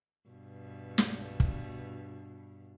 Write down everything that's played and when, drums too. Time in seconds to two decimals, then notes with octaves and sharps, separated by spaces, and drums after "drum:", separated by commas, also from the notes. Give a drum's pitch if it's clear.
0.30 G2 B2
0.98 drum: snare
1.40 drum: kick